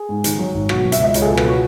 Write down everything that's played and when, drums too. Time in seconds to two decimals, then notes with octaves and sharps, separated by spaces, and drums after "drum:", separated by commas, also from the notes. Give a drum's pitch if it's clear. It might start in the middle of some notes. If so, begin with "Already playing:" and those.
Already playing: G#4
0.09 G#2
0.24 D#3, drum: hi-hat
0.39 F#3
0.54 G#1
0.69 B2 F#4, drum: rim click
0.85 F#3
0.92 E5, drum: hi-hat
1.00 C#2 D#5
1.14 C#2 C#5, drum: hi-hat
1.22 G#4
1.25 A4
1.29 B2
1.37 B4, drum: rim click
1.45 F#3 F#4